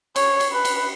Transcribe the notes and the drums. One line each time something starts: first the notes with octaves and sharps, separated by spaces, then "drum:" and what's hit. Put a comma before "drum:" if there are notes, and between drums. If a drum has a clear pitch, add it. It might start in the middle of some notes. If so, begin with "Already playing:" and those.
C#5, drum: cymbal
drum: cymbal
B4
drum: cymbal